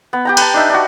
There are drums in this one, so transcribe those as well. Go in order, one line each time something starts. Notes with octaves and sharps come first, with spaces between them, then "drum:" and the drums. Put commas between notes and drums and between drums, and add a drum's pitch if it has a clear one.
B3
G4 G5 A#5
B4 A5, drum: cymbal
D4 D#4 E5
D4 F#4